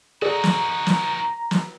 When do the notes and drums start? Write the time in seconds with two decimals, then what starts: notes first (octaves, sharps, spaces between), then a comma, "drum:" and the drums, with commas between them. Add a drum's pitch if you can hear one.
0.22 D#4 F#4 G#4 A4 D5 A#5
0.44 drum: snare
0.86 drum: snare
1.51 drum: snare